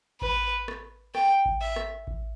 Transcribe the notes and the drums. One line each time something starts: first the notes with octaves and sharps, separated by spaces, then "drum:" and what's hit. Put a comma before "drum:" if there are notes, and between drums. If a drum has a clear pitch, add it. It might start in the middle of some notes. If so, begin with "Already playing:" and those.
B4, drum: kick A1
drum: rim click
G5, drum: rim click
drum: kick A1
E5
drum: rim click
drum: kick A1